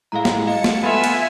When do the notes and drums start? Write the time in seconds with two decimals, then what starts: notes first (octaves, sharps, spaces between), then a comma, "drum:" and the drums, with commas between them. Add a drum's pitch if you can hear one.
0.12 A2 G#3 E4 F5 A#5
0.25 drum: snare
0.47 D#5 F5 A5 C#7
0.64 drum: snare
0.83 B3 F4 A4 B4 E5 G#5
1.04 drum: cymbal